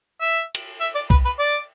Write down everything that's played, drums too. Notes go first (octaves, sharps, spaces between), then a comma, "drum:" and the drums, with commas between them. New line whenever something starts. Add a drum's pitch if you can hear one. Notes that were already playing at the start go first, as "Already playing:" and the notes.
E5
drum: cymbal
E5
D5
B4, drum: kick
B4
D5